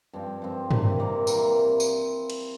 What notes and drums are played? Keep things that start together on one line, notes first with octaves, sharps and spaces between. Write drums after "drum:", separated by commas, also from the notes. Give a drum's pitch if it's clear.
G2 F3 C4
G2 F3 C4
C3 E3 A#3, drum: tom G2
C3 E3 A#3
C3 E3 A#3, drum: tambourine
drum: tambourine
drum: cymbal